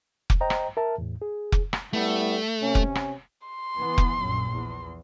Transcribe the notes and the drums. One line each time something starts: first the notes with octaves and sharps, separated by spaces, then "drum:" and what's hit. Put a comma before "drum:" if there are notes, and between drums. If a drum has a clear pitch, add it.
drum: kick F1
C5 D#5 G5 A#5
drum: rim click
A#4 E5 A5
E2 A2
G#4
drum: kick F1
drum: rim click
G3 A3 B3 E4
C3 C#4
drum: kick F1
drum: rim click
C6
E3 B3
drum: kick F1
A#1 F#2 A#2
E2